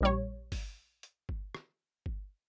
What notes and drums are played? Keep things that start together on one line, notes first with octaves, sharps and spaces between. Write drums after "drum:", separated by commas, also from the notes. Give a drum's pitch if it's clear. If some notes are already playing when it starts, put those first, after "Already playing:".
A#1 G3 C#5
drum: kick G1, open hi-hat
drum: hi-hat
drum: kick G1
drum: rim click
drum: kick G1